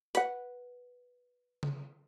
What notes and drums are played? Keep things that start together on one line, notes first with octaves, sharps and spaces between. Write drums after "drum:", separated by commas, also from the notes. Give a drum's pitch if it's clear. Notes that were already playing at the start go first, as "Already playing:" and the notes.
B4 F#5, drum: hi-hat
drum: tom C#3